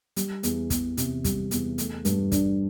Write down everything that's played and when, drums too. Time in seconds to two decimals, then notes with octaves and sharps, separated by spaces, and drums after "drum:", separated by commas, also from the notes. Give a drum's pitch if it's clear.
0.16 G3, drum: hi-hat
0.43 E2, drum: hi-hat
0.70 E2, drum: kick, hi-hat
0.97 C3, drum: hi-hat
1.24 G3, drum: kick, hi-hat
1.51 E2, drum: hi-hat
1.78 A3, drum: hi-hat
2.05 G2, drum: hi-hat
2.32 D4, drum: kick, hi-hat